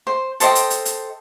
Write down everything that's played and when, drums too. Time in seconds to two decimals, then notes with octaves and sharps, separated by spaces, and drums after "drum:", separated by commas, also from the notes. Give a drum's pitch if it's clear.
0.07 C5
0.40 A4 C5 D#5 G5, drum: hi-hat
0.55 drum: hi-hat
0.70 drum: hi-hat
0.85 drum: hi-hat